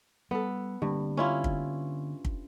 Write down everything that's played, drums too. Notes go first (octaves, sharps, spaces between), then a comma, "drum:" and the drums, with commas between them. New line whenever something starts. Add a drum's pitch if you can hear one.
G3 B3 A4
G2 D3 A#3 C4
C#4 E4 F4
drum: kick
drum: kick